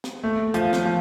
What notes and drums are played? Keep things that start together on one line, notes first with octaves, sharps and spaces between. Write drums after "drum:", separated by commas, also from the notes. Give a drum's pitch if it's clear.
drum: snare
A3
F3, drum: hi-hat
drum: snare
F3